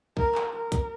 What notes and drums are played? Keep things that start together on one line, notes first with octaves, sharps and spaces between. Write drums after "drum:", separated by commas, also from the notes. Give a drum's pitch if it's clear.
A#4, drum: kick
drum: clap
A#4
drum: kick, hi-hat